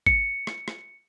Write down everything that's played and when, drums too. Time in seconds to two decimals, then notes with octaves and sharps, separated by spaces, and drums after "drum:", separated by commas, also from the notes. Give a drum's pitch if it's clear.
0.06 C#7, drum: kick G#1
0.47 drum: rim click
0.68 drum: rim click